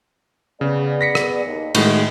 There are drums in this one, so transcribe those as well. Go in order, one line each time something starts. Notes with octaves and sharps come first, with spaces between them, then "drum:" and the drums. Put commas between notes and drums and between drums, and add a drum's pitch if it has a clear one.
C#3 B3 G#4 D5
A#6 B6 C#7
drum: rim click
D#2
A2 D#3 G#3 D#4 F#4, drum: cymbal